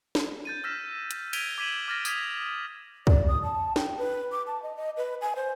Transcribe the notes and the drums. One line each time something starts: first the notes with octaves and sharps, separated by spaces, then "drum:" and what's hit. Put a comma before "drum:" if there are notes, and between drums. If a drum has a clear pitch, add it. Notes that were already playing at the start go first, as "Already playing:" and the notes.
drum: snare
G6 A6 D#7
E6 F6 G6 A#6 B6 E7
drum: hi-hat
G#6 B6 D7 D#7 F7 G7, drum: cymbal
D6 G#6 B6 D#7 E7 F#7
D6 F6 A6 A#6 D7
D#6 G#6 B6 F7, drum: tambourine
D5, drum: kick
D#6
A5
G5, drum: snare
B4
D6
A5
D#5
D#5
B4
G#5
C5